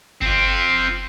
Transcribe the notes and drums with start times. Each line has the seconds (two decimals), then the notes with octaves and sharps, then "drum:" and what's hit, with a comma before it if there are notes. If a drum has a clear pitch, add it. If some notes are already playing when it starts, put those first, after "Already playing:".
0.22 C4 F4, drum: kick G1